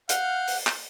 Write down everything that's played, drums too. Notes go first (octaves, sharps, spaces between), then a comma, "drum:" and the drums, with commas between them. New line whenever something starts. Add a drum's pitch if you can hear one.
F5 F#5 F6 G6, drum: hi-hat
drum: open hi-hat
drum: clap